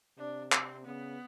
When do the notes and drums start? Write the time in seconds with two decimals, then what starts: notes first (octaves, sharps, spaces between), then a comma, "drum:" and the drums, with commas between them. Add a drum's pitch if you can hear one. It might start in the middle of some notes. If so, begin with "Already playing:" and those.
0.18 C3 D4
0.52 C4, drum: clap
0.86 C#3 B3